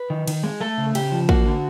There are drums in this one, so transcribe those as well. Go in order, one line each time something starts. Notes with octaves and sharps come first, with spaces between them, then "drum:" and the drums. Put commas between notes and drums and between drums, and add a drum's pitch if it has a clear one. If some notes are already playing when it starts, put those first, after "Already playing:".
Already playing: B4
D#3
D#3, drum: cymbal
G#3
A3 A4
C#3
C#3 G4, drum: cymbal
F3
A#3 F#4, drum: kick
D3